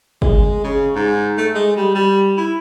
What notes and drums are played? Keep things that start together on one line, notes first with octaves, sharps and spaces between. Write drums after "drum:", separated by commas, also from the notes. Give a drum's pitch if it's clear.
G#3, drum: kick G1
C#3
G#2
A3
G#3
G3
G3
E4